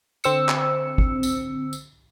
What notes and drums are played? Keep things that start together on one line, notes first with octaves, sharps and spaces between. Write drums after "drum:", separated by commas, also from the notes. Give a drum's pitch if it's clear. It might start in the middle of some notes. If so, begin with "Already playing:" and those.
D3 C4 E6 C#7, drum: tambourine
drum: clap
drum: kick
drum: tambourine
drum: tambourine